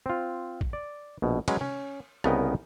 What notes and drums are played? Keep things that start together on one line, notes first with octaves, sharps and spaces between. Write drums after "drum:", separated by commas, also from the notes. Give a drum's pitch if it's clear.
C4 F4
drum: kick
D5
A#1 B2
F#3 G#3 C#4 B4, drum: cymbal
C#4, drum: tom
C2 C#3 B3 A#4 D#5 G5, drum: rim click